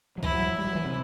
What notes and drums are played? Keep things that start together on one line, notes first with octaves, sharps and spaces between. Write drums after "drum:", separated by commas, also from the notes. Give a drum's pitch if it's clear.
F#3
E3 E4, drum: kick
F#3
F#3
G3 E4
F#3
E3
C3